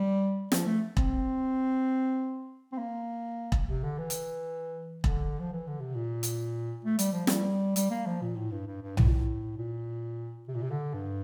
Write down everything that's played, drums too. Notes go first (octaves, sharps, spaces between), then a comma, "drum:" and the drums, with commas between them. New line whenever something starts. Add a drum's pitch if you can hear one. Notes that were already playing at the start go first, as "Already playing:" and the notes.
Already playing: G3
F3, drum: snare
A3
C4, drum: kick E1
C4
A#3
drum: kick E1
C3
D3
E3
drum: hi-hat
D3, drum: kick E1
F3
E3
D3
C3
A#2
drum: hi-hat
A3
G3, drum: hi-hat
F3
G3, drum: snare
G3, drum: hi-hat
A#3
F3
A#2
A2
G2
G2
G2
A2, drum: tom B1
A#2
A2
A#2
C3
A#2
C3
D3
G2